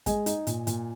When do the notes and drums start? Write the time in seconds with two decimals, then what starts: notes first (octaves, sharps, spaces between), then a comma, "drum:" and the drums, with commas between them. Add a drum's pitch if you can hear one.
0.06 G#3 D#5 G#5, drum: kick, hi-hat
0.26 D#4, drum: hi-hat
0.47 A#2, drum: hi-hat
0.67 A#2, drum: hi-hat